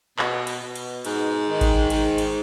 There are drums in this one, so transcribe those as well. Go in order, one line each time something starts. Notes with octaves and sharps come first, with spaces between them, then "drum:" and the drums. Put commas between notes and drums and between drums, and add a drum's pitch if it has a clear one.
B2, drum: clap
drum: cymbal
B2
drum: cymbal
G#2, drum: cymbal
D#3
drum: kick G#1, cymbal
G#2, drum: cymbal
drum: cymbal